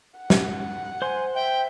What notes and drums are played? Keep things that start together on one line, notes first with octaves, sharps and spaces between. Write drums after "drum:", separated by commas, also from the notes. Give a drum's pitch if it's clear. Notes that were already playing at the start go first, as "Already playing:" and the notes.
F#5
drum: snare
C5 G#5 C6
E5 G5